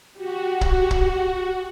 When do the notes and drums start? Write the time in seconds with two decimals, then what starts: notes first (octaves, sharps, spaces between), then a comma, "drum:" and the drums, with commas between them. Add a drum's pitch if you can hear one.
0.17 F#4 G4
0.61 drum: kick
0.91 drum: kick